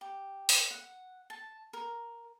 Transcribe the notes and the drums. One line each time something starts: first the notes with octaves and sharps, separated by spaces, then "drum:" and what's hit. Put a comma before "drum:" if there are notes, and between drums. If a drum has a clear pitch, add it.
G4
drum: open hi-hat
F#5
A5
A#4